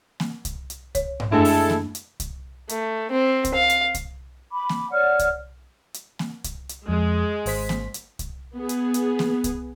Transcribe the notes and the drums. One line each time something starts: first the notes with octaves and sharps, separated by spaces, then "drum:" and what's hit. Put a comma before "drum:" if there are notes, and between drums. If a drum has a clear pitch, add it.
drum: snare A#3
drum: kick C2, hi-hat
drum: hi-hat
C#5, drum: kick C2, hi-hat
drum: tom G#2
F#2 G#3 A3 D4 E4 A4
drum: open hi-hat
drum: snare A#3
drum: hi-hat
drum: kick C2, hi-hat
A3, drum: hi-hat
C4
drum: kick C2, hi-hat
F5
drum: hi-hat
drum: kick C2, hi-hat
B5 D6
drum: snare A#3
C#5 D5 F#5 F6
drum: kick C2, hi-hat
drum: hi-hat
drum: snare A#3
drum: kick C2, hi-hat
drum: hi-hat
F2 G#3
G#1 C5 B6, drum: open hi-hat
drum: snare A#3
drum: hi-hat
drum: kick C2, hi-hat
B3 G#4
drum: hi-hat
drum: hi-hat
drum: snare A#3
drum: kick C2, hi-hat